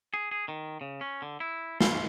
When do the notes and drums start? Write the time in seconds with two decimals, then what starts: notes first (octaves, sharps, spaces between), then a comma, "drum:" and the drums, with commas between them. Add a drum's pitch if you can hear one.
0.14 G#4
0.31 G#4
0.48 D#3
0.81 C#3
1.01 C#4
1.22 D3
1.40 E4
1.81 F4, drum: snare